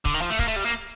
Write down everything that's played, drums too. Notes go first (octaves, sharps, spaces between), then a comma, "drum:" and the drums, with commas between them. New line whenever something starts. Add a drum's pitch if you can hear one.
D3, drum: kick C#1
D#3
F3
A3
A#3, drum: kick C#1
A3
G3
A#3